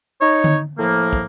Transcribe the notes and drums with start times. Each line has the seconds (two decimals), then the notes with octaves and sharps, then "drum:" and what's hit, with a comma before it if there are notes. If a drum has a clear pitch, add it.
0.21 D#4 C#5
0.44 drum: tom D3
0.78 A2 F3 A#3
1.13 drum: kick